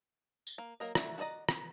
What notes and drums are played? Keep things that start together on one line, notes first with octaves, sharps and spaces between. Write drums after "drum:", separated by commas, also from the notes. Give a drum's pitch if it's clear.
drum: tambourine
A#3
F#3 A#3 A#4 D#5
A3 D4 E4 F#4, drum: rim click
F#4 A4 D5 D#5 A#5
B3, drum: rim click